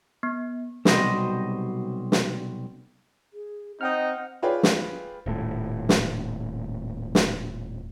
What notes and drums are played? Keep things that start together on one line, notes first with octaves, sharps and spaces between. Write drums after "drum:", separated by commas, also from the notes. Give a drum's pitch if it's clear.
B3
B1 C3 G3 F#4 C5 D#5, drum: snare
drum: snare
G#4
C4 D#4 D#5 F#5 G5 F6
F4 G#4 B4 C#5 D5 G5
drum: snare
D#1 A2
drum: snare
drum: snare